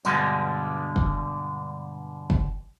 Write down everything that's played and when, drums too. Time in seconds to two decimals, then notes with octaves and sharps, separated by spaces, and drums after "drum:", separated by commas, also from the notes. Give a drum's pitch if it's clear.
0.05 G2 B2 D3 G3 G#3, drum: tambourine
0.96 drum: kick
2.30 drum: kick